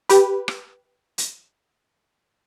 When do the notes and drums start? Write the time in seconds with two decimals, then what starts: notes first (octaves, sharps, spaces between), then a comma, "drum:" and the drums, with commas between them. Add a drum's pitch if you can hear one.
0.09 G4 B4, drum: hi-hat
0.48 drum: rim click
1.18 drum: hi-hat